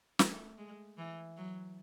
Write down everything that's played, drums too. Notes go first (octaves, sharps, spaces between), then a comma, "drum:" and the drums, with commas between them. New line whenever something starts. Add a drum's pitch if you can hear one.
A3, drum: snare
G#3
E3
F#3